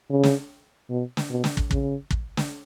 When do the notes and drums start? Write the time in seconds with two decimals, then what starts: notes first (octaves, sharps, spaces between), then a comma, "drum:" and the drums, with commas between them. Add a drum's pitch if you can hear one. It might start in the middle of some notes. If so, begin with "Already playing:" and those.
0.10 C#3
0.23 drum: snare
0.90 B2
1.17 drum: snare
1.30 B2
1.44 drum: snare
1.57 drum: kick
1.71 C#3, drum: kick
2.11 drum: kick
2.37 drum: snare